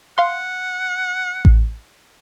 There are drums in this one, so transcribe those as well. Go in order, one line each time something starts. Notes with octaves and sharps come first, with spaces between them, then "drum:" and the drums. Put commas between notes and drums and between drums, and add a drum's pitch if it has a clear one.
F5 F#5 C6
drum: kick A1